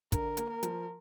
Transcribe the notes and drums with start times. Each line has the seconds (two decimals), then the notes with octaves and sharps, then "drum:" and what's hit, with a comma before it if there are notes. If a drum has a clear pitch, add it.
0.12 D3 A#4, drum: kick, hi-hat
0.37 A#3, drum: hi-hat
0.50 A#4
0.63 F3, drum: hi-hat